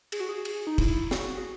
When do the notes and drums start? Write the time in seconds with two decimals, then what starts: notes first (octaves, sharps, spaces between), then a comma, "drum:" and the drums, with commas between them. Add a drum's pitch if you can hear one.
0.12 G#4, drum: cymbal
0.20 F#4
0.29 G#4
0.45 drum: cymbal
0.67 D#4
0.78 E4, drum: kick, cymbal
1.11 F#4, drum: snare
1.38 G#4